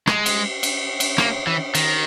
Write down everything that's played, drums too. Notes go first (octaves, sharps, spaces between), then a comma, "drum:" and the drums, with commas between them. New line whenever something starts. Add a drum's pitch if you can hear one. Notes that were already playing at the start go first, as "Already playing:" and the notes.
G#3, drum: rim click
drum: cymbal
drum: cymbal
drum: cymbal
A#3, drum: rim click
E3
D#3, drum: cymbal